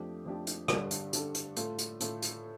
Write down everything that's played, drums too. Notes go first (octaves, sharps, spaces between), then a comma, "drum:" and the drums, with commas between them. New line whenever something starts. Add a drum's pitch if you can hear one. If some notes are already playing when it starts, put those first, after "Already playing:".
Already playing: F2 F3 A3 D4 G4
F2 F3 A3 D4 G4
drum: hi-hat
G2 D3 G3 D4 A4, drum: rim click
drum: hi-hat
G2 D3 G3 D4 A4, drum: hi-hat
drum: hi-hat
A2 A3 F4 A4, drum: hi-hat
drum: hi-hat
A2 A3 F4 A4, drum: hi-hat
drum: hi-hat